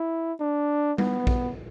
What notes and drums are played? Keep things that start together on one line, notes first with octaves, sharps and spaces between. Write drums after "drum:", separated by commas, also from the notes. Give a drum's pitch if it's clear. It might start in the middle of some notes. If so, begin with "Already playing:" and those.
Already playing: E4
D4
B3, drum: tom G3
drum: kick A#1